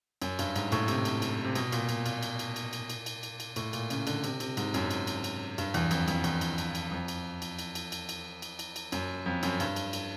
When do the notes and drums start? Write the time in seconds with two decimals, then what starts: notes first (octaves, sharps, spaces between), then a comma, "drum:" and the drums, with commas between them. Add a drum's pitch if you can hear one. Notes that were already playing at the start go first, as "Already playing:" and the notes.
0.22 F#2, drum: cymbal
0.39 G2, drum: cymbal
0.56 G#2, drum: cymbal
0.72 A2, drum: cymbal
0.88 C3, drum: cymbal
1.05 drum: cymbal
1.22 drum: cymbal
1.45 C3
1.55 B2, drum: cymbal
1.72 A#2, drum: cymbal
1.89 A#2, drum: cymbal
2.06 A#2, drum: cymbal
2.23 drum: cymbal
2.39 drum: cymbal
2.56 drum: cymbal
2.73 drum: cymbal
2.90 drum: cymbal
3.06 drum: cymbal
3.23 drum: cymbal
3.40 drum: cymbal
3.56 A2, drum: cymbal
3.73 A#2, drum: cymbal
3.90 C#3, drum: cymbal
4.07 D3, drum: cymbal
4.24 C3, drum: cymbal
4.40 C3, drum: cymbal
4.57 G#2, drum: cymbal
4.74 F#2, drum: cymbal
4.91 drum: cymbal
5.07 drum: cymbal
5.24 drum: cymbal
5.58 G2, drum: cymbal
5.74 E2, drum: cymbal
5.91 F2, drum: cymbal
6.08 F2, drum: cymbal
6.24 E2, drum: cymbal
6.41 drum: cymbal
6.58 drum: cymbal
6.75 drum: cymbal
6.91 F2
7.08 drum: cymbal
7.42 drum: cymbal
7.59 drum: cymbal
7.75 drum: cymbal
7.92 drum: cymbal
8.09 drum: cymbal
8.42 drum: cymbal
8.59 drum: cymbal
8.76 drum: cymbal
8.92 F#2, drum: cymbal
9.26 F2
9.43 F#2, drum: cymbal
9.60 G2, drum: cymbal
9.76 drum: cymbal
9.93 drum: cymbal